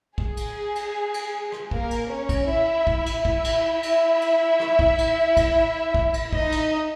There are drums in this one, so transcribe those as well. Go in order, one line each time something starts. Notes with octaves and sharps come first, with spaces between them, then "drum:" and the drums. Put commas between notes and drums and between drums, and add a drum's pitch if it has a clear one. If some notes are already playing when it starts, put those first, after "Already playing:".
G#4, drum: kick
drum: cymbal
drum: cymbal
drum: cymbal
drum: rim click
A#3 A#4, drum: kick
drum: cymbal
C#4 C#5
drum: kick, cymbal
E4 E5
drum: kick
drum: cymbal
E4 E5, drum: kick
drum: cymbal
drum: cymbal
drum: cymbal
drum: rim click
drum: kick
drum: cymbal
drum: kick, cymbal
drum: kick
drum: cymbal
D#4 D#5, drum: kick
drum: cymbal